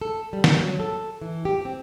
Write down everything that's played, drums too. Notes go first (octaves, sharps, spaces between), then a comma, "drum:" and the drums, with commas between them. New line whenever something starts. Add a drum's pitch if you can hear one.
A4
G3
drum: snare
F#3
A4
E3
G4
C4